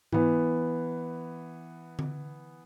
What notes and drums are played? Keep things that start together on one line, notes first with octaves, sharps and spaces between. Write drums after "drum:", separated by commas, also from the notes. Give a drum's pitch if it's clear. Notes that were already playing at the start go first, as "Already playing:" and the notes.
E3 B3, drum: tom G#2
drum: tom D3